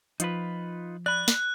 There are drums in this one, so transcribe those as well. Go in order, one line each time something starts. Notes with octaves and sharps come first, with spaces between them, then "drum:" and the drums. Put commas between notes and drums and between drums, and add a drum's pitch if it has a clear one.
F3 D#4 F4 B4, drum: hi-hat
D5 B5 F#6
drum: snare